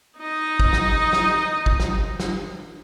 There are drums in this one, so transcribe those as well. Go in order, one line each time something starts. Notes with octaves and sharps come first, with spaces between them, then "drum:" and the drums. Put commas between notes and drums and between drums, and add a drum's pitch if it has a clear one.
D#4 D#5
drum: kick
drum: snare
drum: snare
drum: kick
drum: snare
drum: snare